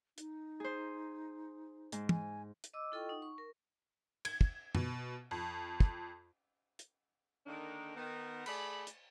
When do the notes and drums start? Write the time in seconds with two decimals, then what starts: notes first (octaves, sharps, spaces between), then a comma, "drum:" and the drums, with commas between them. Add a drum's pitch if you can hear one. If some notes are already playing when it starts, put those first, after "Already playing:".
0.18 D#4, drum: hi-hat
0.60 G#4 C5
1.92 G#2, drum: hi-hat
2.09 G#5, drum: tom
2.64 drum: hi-hat
2.74 D#5 D6 E6
2.92 E4 F4 A4 D#5 G5 C#6
3.09 D#4 F#5
3.22 C#6
3.38 A#4
4.25 G#6, drum: cymbal
4.41 drum: kick
4.75 B2, drum: tom F#2
5.31 F2
5.80 drum: kick
6.79 drum: hi-hat
7.46 D3 D#3 A#3 D4 D#4
7.97 D#3 B3
8.46 A3 G#4 D5 B5, drum: cymbal
8.87 drum: hi-hat